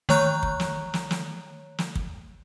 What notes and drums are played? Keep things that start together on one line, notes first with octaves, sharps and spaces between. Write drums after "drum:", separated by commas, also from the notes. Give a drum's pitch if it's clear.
D#3 A3 C#5 A#5 F#6, drum: snare
drum: kick
drum: snare
drum: snare
drum: snare
drum: snare
drum: kick